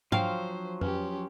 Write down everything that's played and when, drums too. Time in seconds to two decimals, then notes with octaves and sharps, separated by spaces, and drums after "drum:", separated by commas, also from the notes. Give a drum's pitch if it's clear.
0.12 F3 F#3 D4 C5 F5 G5 G#5, drum: tom G#2
0.81 C#4 G4 B4, drum: tom F2